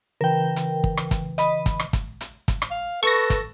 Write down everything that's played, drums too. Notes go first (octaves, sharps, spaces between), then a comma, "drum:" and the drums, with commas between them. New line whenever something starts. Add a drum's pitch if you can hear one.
C#3 E3 A#4 B4 G5
drum: hi-hat
drum: kick
drum: rim click
drum: kick, hi-hat
D#5 B5, drum: hi-hat
drum: kick, hi-hat
drum: rim click
drum: kick, hi-hat
drum: hi-hat
drum: kick, hi-hat
drum: rim click
F5
A4 B4 C#6 A#6, drum: hi-hat
drum: kick, hi-hat